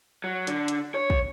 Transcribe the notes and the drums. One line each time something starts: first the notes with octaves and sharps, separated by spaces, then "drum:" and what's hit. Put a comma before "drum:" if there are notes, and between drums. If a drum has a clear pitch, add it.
F#3
D3, drum: hi-hat
drum: hi-hat
C#5
drum: kick